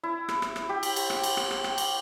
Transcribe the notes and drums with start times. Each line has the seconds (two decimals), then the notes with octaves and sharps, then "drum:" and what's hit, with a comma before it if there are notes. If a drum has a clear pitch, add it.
0.03 E4
0.29 drum: rim click
0.42 drum: rim click
0.56 drum: rim click
0.69 G4
0.83 drum: cymbal
0.96 drum: cymbal
1.10 drum: rim click
1.23 drum: cymbal
1.37 drum: rim click
1.51 drum: rim click
1.64 drum: rim click
1.78 drum: cymbal